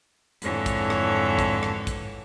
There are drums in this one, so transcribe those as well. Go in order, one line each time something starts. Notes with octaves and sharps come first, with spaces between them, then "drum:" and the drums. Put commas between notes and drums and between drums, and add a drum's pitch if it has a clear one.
F2 G#2 D3 E3 A4 C#5, drum: hi-hat
drum: kick, hi-hat
drum: rim click
drum: kick, hi-hat
drum: rim click
drum: kick, hi-hat